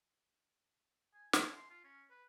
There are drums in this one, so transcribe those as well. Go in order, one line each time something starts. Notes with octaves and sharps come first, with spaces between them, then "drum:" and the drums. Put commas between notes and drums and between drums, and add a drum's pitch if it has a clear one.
G#5
E4, drum: snare
C6
F4
C#4
B4